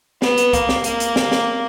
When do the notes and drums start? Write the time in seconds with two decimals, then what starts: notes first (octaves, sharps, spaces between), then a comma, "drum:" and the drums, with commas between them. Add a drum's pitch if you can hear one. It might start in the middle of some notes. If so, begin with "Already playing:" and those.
0.22 B3, drum: snare
0.38 drum: hi-hat
0.53 A#3, drum: kick C#2, hi-hat
0.69 drum: snare
0.84 A#3, drum: hi-hat
1.00 drum: hi-hat
1.16 drum: snare
1.32 drum: snare